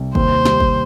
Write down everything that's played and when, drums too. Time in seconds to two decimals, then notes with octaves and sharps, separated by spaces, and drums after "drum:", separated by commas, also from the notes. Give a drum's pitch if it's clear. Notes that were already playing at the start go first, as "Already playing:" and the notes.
Already playing: C2
0.15 D#2 C5, drum: kick G1
0.45 G3, drum: snare
0.60 drum: kick G1